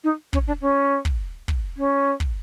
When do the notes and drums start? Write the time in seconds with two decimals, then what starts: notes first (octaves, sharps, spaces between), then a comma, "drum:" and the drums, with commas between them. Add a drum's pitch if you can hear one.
0.04 D#4
0.33 C#4, drum: kick
0.47 D4
0.61 C#4
1.05 drum: kick
1.48 drum: kick
1.77 C#4
2.20 drum: kick